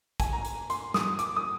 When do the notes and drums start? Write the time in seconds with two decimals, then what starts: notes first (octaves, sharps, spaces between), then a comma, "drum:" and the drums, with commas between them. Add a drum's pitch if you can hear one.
0.20 G#5, drum: kick, hi-hat
0.33 A#5
0.45 drum: hi-hat
0.70 C6, drum: hi-hat
0.94 D#6, drum: snare
1.19 D6, drum: hi-hat
1.36 D#6